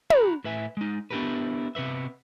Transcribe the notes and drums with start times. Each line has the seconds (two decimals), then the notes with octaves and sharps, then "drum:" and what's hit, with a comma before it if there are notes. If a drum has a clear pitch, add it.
0.10 F#4 A#5 B5, drum: tom
0.44 A2 B4 E5 G#5
0.77 G#3 D#4
1.11 B3 D4 E4 G4 A#4 B4
1.75 C3 B3 B4 E5